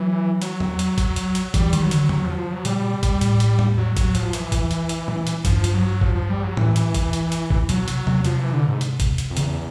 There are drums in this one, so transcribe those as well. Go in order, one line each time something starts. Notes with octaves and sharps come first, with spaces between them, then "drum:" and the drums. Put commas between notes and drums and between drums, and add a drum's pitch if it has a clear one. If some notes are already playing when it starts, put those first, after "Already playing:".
Already playing: E3 F#3
F#3, drum: hi-hat
drum: tom E2
drum: hi-hat
drum: kick, hi-hat
drum: hi-hat
drum: hi-hat
E3 G3, drum: kick, hi-hat
D#3, drum: hi-hat
F#3
D3, drum: hi-hat
C#3 F#3, drum: tom E2
F3
F3
F#3
A#2 G3, drum: hi-hat
B2
drum: kick, hi-hat
A2, drum: hi-hat
drum: hi-hat
drum: tom E2
F#3
F#3, drum: kick, hi-hat
F3, drum: hi-hat
E3, drum: hi-hat
drum: kick, hi-hat
drum: hi-hat
drum: hi-hat
drum: tom A#2
drum: hi-hat
G2 F3, drum: kick, hi-hat
drum: hi-hat
F#3
F3, drum: kick
F3
G3
F#3
E3, drum: tom A2
drum: hi-hat
drum: kick, hi-hat
drum: hi-hat
drum: hi-hat
drum: kick
B2 F#3, drum: hi-hat
C3, drum: hi-hat
C3, drum: tom E2
C3 F3, drum: hi-hat
E3
D3
G#2
drum: hi-hat
drum: kick, hi-hat
drum: hi-hat
F2
E2 C#3, drum: hi-hat